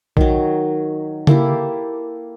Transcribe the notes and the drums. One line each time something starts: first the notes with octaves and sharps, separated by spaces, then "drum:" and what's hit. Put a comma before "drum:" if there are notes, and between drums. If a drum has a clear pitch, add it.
D#3 F#3, drum: kick A#1
A#3 E4 G4 A4, drum: tom C#3